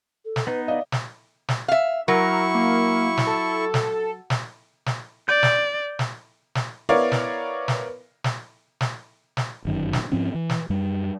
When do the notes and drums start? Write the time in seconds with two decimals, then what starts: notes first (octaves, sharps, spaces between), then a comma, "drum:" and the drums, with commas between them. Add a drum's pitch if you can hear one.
0.25 A4
0.36 drum: snare
0.47 B3 D#4 B4
0.68 D5 D#5 F5
0.92 drum: snare
1.49 drum: snare
1.68 E5 F5
2.08 F#3 E4 A#4 C#6
2.54 A#3
3.17 drum: snare
3.27 A4
3.74 drum: snare
4.30 drum: snare
4.86 drum: snare
5.29 D5 G6
5.43 drum: snare
5.99 drum: snare
6.55 drum: snare
6.89 B3 E4 A#4 C#5 D5 F5
7.12 drum: snare
7.68 drum: snare
8.24 drum: snare
8.81 drum: snare
9.37 drum: snare
9.65 G1 F#2 D#3
9.93 drum: snare
10.12 G#2 F3 C4 C#4
10.35 E3
10.49 drum: snare
10.70 F#2 G3